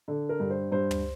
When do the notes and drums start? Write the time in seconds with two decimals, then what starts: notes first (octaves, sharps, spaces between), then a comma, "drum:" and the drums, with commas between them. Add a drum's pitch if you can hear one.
0.08 D3
0.29 A#4
0.40 G2
0.50 C5
0.72 G2 C5
0.91 drum: tom